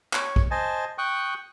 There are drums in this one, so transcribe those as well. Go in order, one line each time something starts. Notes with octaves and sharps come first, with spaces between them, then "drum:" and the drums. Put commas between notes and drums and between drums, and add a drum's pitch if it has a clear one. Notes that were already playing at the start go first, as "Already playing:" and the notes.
C#5, drum: clap
drum: kick A#1
C5 D#5 G#5 A5
G5 C#6 D#6 F#6